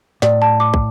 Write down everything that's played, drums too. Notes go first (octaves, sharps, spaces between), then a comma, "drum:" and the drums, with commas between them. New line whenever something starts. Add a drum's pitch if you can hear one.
A2 D5, drum: snare
A5
D6
drum: kick